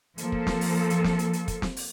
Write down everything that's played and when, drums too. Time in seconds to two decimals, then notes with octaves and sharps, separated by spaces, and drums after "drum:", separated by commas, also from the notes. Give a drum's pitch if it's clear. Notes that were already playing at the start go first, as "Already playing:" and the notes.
0.18 F3 A#3 A4, drum: hi-hat
0.32 drum: kick
0.47 drum: snare
0.61 drum: open hi-hat
0.90 drum: hi-hat
1.04 drum: snare
1.19 drum: hi-hat
1.33 drum: hi-hat
1.48 drum: kick, hi-hat
1.62 drum: snare
1.77 drum: open hi-hat